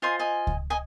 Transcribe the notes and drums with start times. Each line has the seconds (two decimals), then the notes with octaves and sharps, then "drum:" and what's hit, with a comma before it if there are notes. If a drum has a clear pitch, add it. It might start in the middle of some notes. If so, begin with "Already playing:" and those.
0.02 F4 C5 D#5 G#5 C6
0.19 D#5 G#5
0.47 drum: kick C#2
0.70 D#5 G#5